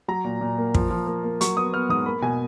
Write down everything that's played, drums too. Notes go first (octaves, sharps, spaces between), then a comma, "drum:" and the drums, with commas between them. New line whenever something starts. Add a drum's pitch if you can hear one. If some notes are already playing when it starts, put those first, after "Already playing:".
F#3 A#5
A#2
A#2
A#3
F3, drum: kick
F3
A#3
A#3
F#3 C#6, drum: hi-hat
B3 D#6
B3 F6
G#2 D#6
A#3 B5
B2 G#5